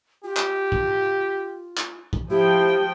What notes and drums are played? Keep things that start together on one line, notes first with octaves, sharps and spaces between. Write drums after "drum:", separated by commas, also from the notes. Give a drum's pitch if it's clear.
F4 G4
drum: clap
drum: kick
drum: clap
drum: kick
F3 E4 G4 G5